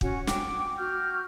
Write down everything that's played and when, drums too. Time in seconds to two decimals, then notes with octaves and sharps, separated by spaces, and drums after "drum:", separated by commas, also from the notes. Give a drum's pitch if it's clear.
0.01 C#4 F#4 F#5 G#5, drum: kick
0.27 F#5 G5 D6, drum: snare
0.77 F#4 F6 G6